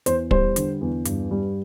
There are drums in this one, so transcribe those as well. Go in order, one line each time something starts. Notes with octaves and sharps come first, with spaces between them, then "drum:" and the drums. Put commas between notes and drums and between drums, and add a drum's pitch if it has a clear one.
E2 C5, drum: hi-hat
G3 C5, drum: kick
D3, drum: hi-hat
E2
G2, drum: hi-hat
G3